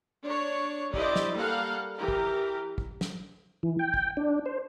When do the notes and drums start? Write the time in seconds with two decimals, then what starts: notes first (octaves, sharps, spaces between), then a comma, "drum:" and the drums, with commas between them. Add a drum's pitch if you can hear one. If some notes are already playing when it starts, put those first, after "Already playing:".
0.23 D4 C#5
0.94 D4 E4 G4 C5 D5 D#5, drum: kick
1.16 drum: snare
1.33 G3 A#3 A4 A#4 F5 F#5
1.97 E3 G4 A#4
2.08 drum: kick
2.78 drum: kick
3.01 drum: snare
3.63 E3
3.79 G5
3.94 drum: kick
4.17 D4
4.46 C5